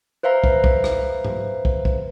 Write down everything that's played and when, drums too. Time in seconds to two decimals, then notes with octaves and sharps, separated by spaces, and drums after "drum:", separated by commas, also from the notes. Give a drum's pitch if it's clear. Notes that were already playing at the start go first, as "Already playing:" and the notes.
0.23 B4 C5 E5 F5 A#5
0.44 drum: kick
0.64 drum: kick
0.84 drum: rim click
1.25 drum: tom G#2
1.65 drum: kick
1.85 drum: kick